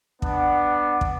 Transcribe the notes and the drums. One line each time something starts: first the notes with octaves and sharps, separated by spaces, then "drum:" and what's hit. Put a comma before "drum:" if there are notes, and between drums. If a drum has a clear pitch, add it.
B3 D4 F#5, drum: kick
drum: kick